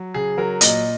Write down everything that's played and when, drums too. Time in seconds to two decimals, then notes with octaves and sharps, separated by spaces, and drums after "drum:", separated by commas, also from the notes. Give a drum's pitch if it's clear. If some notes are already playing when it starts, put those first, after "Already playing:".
Already playing: F#3
0.14 C#3 G#4
0.38 F#3 A#4
0.61 A#2 D#5, drum: hi-hat